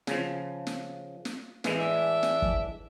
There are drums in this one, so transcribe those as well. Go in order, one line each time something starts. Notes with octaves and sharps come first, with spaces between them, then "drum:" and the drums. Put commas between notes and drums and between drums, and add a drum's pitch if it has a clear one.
C#3 F3, drum: snare
drum: snare
drum: snare
A2 E3 G#3, drum: snare
D4 E5
drum: snare
drum: kick